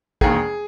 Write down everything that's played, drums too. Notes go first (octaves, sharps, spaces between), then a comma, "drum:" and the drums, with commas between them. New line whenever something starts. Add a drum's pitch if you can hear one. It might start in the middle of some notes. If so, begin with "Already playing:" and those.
E1 D#2 D#3 G#4, drum: kick